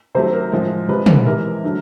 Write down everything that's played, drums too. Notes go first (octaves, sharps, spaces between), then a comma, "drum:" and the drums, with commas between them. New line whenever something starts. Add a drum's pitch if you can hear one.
C3 D#3 F#3 A3 C5
A#4
A2 F3 G#3
C3 F3 G#3 B4
drum: tom
C3 E3 G#3 A#4
D3 F#3 A3